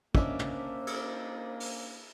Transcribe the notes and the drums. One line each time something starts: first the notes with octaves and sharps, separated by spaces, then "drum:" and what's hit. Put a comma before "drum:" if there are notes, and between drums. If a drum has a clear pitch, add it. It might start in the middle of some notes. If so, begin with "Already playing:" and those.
A#3 C#4 D4 C5 D#5 E5 D6, drum: kick
drum: tom
drum: cymbal
drum: open hi-hat